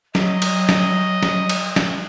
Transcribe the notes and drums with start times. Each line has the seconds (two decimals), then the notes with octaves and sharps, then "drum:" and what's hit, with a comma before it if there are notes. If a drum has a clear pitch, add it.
0.15 F#3 D#5, drum: snare
0.42 drum: cymbal
0.69 drum: snare
1.23 drum: snare
1.49 drum: cymbal
1.76 drum: snare